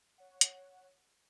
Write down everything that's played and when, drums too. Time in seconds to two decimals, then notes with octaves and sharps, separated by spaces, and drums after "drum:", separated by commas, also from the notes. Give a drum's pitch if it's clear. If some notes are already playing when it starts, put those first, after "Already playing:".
0.18 C#5 F#5
0.41 drum: hi-hat